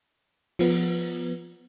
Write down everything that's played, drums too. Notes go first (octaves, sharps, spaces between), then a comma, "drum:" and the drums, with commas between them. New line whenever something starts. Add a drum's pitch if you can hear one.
F3 B3, drum: open hi-hat